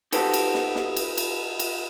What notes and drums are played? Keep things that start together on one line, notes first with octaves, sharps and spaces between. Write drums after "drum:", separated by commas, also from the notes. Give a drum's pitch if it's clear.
D#4 F#4 G4 A4 B4 C5, drum: cymbal
drum: cymbal
drum: snare
drum: snare
drum: cymbal
drum: cymbal
drum: cymbal